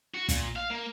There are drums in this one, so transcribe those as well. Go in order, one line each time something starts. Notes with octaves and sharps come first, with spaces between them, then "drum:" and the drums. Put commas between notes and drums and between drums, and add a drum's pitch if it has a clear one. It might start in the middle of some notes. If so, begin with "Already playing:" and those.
F#4
A#2, drum: kick, hi-hat
F5
A#3